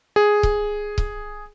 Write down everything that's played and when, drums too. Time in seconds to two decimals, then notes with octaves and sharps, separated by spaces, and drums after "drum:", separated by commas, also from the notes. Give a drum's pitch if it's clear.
0.16 G#4
0.43 drum: kick C#1
0.98 drum: kick C#1